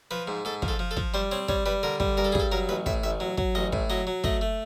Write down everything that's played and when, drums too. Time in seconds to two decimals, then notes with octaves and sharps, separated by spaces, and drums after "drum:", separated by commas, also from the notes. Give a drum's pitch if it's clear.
0.11 F3 B4
0.28 G#2
0.45 G#2 A4
0.62 F3, drum: kick
0.68 A4
0.79 F3
0.91 A4
0.97 F3, drum: kick
1.14 G3 C5
1.31 C4 C#5
1.48 G3 C#5, drum: kick
1.66 G3 B4
1.83 D3 A#4
2.00 G3, drum: kick
2.17 G2 A#4
2.25 A4
2.32 G#4
2.35 G2 A4, drum: kick
2.52 F#3 A#4
2.69 A1 B4
2.86 A2 E5, drum: kick
3.03 A1 E5
3.20 F#3
3.38 F#3, drum: kick
3.55 A1 D#5
3.73 A2, drum: kick
3.90 F#3 D#5
4.07 F#3
4.24 A3 D#5, drum: kick
4.41 A3